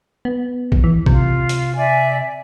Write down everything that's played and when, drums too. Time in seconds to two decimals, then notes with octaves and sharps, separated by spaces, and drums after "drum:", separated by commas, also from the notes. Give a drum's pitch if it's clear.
0.25 B3
0.72 drum: kick A#1
0.84 E3
1.06 C3 F4, drum: kick A#1
1.49 drum: hi-hat
1.77 D5 E5 G#5